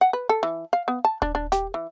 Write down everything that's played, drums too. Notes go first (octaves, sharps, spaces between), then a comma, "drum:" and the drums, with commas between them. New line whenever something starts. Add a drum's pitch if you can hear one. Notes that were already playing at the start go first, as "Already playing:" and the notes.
F#5
B4
A4
E3
F5
B3
A5
D4, drum: kick D#1
D4
G4, drum: snare
E3